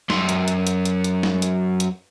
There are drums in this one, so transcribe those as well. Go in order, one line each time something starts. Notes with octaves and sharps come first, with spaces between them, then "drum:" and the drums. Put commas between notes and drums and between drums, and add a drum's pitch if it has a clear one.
F#2 C6, drum: snare
drum: hi-hat
drum: hi-hat
drum: hi-hat
drum: hi-hat
drum: hi-hat
drum: snare
drum: hi-hat
drum: hi-hat